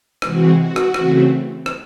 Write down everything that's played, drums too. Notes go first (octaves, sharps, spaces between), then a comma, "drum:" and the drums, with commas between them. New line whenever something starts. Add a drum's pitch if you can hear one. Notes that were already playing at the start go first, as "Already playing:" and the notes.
C3 E3 G#3 C4 F#4, drum: rim click
F#4
drum: rim click
C#3 E3 A3 C4, drum: rim click
drum: rim click